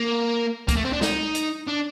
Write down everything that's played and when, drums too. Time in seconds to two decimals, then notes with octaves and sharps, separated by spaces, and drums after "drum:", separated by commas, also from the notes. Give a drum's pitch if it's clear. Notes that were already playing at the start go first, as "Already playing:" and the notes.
Already playing: A#3
0.68 A#3, drum: kick C#2, hi-hat
0.77 A3
0.85 C4
0.93 D4
1.01 D#4, drum: snare
1.35 drum: hi-hat
1.68 D4